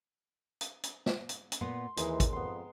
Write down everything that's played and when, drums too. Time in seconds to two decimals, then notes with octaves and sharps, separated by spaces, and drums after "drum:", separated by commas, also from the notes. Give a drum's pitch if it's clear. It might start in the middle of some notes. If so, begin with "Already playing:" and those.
0.61 drum: hi-hat
0.83 drum: hi-hat
1.06 drum: snare
1.29 drum: hi-hat
1.52 drum: hi-hat
1.61 A#2 B3 F#5 C6
1.97 D#2 E3 G#3 D#4, drum: hi-hat
2.20 drum: kick, hi-hat
2.33 F2 B3 C6